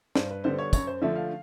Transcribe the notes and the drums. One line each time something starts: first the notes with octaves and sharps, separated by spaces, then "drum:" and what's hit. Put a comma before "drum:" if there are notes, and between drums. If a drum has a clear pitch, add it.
G2 C5, drum: snare
B4
D3 G3 B3 C5
C#5
F#2 C#5, drum: kick, tambourine
C5
D3 F3 A3 E5
F5